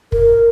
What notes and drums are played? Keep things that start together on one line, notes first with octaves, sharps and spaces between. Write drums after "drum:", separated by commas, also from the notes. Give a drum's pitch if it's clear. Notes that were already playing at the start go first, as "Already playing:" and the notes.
A#4, drum: kick